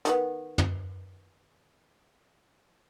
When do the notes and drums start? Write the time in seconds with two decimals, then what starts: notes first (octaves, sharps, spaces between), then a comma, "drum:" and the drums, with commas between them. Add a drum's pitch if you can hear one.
0.05 D#3 A3 B3, drum: hi-hat
0.58 drum: tom